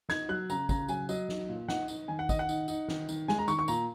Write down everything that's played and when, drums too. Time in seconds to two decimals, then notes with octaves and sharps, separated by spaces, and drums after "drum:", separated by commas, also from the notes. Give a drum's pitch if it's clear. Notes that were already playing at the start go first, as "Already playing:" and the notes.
0.09 D#4 G#6, drum: snare
0.29 F#3 F#6
0.50 C#3 A#5, drum: tambourine
0.69 C#3 A#5, drum: kick, tambourine
0.88 F#3 G#5, drum: tambourine
1.09 F#3 D#5, drum: tambourine
1.29 D#4, drum: snare
1.49 A#2
1.68 D#4 F#5, drum: snare
1.88 D#4, drum: tambourine
2.08 D#3 G#5
2.19 F#5
2.29 D#3 D#5, drum: kick, tambourine
2.39 F#5
2.49 D#4, drum: tambourine
2.68 D#4, drum: tambourine
2.88 D#3, drum: snare
3.09 D#3, drum: tambourine
3.28 G#3 G#5, drum: snare
3.39 A#5
3.48 D#3 C#6, drum: tambourine
3.59 C#6
3.68 A#2 A#5, drum: tambourine